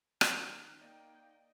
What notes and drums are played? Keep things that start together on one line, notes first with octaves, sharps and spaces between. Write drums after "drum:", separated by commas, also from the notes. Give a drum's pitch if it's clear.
D#3 D#4, drum: rim click
A#3 D5 D#5 G5